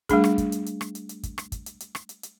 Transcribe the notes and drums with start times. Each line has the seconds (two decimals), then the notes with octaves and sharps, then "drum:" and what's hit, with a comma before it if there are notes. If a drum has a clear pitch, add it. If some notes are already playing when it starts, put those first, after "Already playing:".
0.09 G3 A3 D4 G#4, drum: kick, hi-hat
0.24 drum: rim click
0.38 drum: kick, hi-hat
0.52 drum: hi-hat
0.66 drum: hi-hat
0.81 drum: rim click
0.95 drum: hi-hat
1.09 drum: hi-hat
1.23 drum: kick, hi-hat
1.38 drum: rim click
1.52 drum: kick, hi-hat
1.66 drum: hi-hat
1.80 drum: hi-hat
1.95 drum: rim click
2.09 drum: hi-hat
2.23 drum: hi-hat